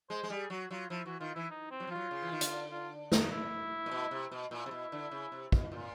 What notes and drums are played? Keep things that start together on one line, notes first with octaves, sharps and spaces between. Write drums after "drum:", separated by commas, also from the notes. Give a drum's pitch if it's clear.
G#3 C5
G#3
G3 G#4
F#3 F#4
F#3 F4
F3 E4
E3 F#4
D#3 F4
E3 E4
D#4
C4
F#3
F3
F#3 F4
C#3
E3
D#3
D3, drum: hi-hat
F4
D#4, drum: snare
E4
A#2
B2
C3
B2
A#2 E4
C3
B2
D3
C#3
C3
B2, drum: kick
A#2 F4